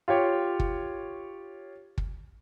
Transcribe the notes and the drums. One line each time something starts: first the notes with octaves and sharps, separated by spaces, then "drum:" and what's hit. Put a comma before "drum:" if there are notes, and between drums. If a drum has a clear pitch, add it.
F4 G4 C#5
drum: kick
drum: kick